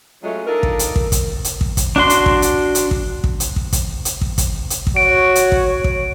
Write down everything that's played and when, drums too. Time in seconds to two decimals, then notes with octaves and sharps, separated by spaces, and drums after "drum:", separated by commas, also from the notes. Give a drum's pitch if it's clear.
0.23 F#3 G#3 A3 C#4 F4 D#5
0.47 D4 D#4 F4 A4 A#4
0.63 drum: kick
0.79 drum: hi-hat
0.96 drum: kick
1.12 drum: kick, hi-hat
1.44 drum: hi-hat
1.61 drum: kick
1.77 drum: kick, hi-hat
1.96 D4 F#4 C6
2.10 drum: hi-hat
2.26 drum: kick
2.42 drum: hi-hat
2.75 drum: hi-hat
2.91 drum: kick
3.24 drum: kick
3.40 drum: hi-hat
3.56 drum: kick
3.73 drum: kick, hi-hat
4.05 drum: hi-hat
4.21 drum: kick
4.38 drum: kick, hi-hat
4.70 drum: hi-hat
4.87 drum: kick
4.97 F#4 C#5 D7
5.35 drum: hi-hat
5.52 drum: kick
5.84 drum: kick